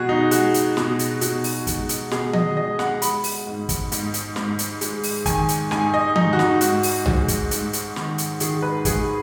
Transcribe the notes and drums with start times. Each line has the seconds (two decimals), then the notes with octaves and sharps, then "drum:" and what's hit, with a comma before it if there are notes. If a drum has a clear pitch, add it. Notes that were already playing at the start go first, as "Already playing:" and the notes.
Already playing: B2 G#3 F#4 G#4
0.09 D#4
0.31 G#3 F#4, drum: hi-hat
0.54 drum: hi-hat
0.77 B2, drum: snare
0.99 drum: hi-hat
1.21 B2, drum: hi-hat
1.44 drum: open hi-hat
1.67 G#3, drum: kick, hi-hat
1.89 drum: hi-hat
2.11 B2 G#4, drum: snare
2.33 D#5, drum: tom D#3
2.57 G#3 D#5
2.79 F#5, drum: snare
3.02 G#3 B5, drum: hi-hat
3.24 drum: open hi-hat
3.47 G#2
3.69 drum: kick, hi-hat
3.92 G#2, drum: hi-hat
4.14 drum: hi-hat
4.36 G#2, drum: snare
4.59 drum: hi-hat
4.81 G#3, drum: hi-hat
5.04 drum: open hi-hat
5.26 D#3 G#5, drum: kick, hi-hat
5.49 drum: hi-hat
5.71 G#2 G#5, drum: snare
5.94 D#5
6.16 G#2 D#4, drum: tom D#3
6.33 F#4
6.39 D#4, drum: snare
6.61 G#2 F#4, drum: hi-hat
6.83 drum: open hi-hat
7.06 G#3, drum: tom B1
7.28 drum: kick, hi-hat
7.51 G#2, drum: hi-hat
7.73 drum: hi-hat
7.96 D#3, drum: snare
8.18 drum: hi-hat
8.40 D#3 G#4, drum: hi-hat
8.62 B4
8.85 G#2 G#4, drum: kick, hi-hat